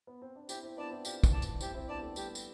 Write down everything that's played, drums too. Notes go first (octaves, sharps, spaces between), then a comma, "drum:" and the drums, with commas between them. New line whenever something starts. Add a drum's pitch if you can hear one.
B3
C4
D4
C4 E4 G4, drum: tambourine
C4 E4
B3 D4 D5 A5
C4 E4
D4 F4 G4, drum: tambourine
drum: kick, tambourine
D5 A5
drum: tambourine
C4 E4 G4, drum: tambourine
C4 E4
B3 D4 D5 A5
A3 C4
G3 B3 G4, drum: tambourine
drum: tambourine